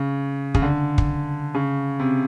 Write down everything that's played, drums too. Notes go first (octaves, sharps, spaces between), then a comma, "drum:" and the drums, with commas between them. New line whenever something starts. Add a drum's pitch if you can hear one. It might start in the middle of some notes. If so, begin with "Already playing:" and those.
Already playing: C#3
C#3, drum: kick
D3
drum: kick
C#3
C3